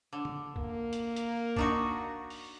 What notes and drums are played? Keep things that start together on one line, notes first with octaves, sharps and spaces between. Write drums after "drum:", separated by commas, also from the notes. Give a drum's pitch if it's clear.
D3
drum: tom
A#3, drum: kick
drum: hi-hat
drum: hi-hat
D4 D#4 F#4, drum: kick
drum: open hi-hat